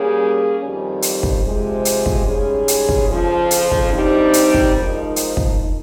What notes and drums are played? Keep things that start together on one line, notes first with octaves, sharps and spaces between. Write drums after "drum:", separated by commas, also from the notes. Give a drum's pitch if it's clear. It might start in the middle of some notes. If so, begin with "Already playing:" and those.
Already playing: G3 A#3 C#4 G#4
F2 D#3 G3
drum: hi-hat
drum: kick
C3 F3 G#3
drum: hi-hat
drum: kick
G#2 G3 C#4 G#4
drum: hi-hat
drum: kick
F2 C#3 F3
drum: hi-hat
drum: kick
G2 G3 C4 D#4
drum: hi-hat
drum: kick
F3 G#3 D#4 A#4
drum: hi-hat
drum: kick